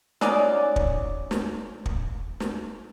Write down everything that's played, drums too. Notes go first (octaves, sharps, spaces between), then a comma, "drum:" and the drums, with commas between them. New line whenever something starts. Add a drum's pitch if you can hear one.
F#3 C#4 D#4 D5, drum: snare
drum: kick
drum: snare
drum: kick
drum: snare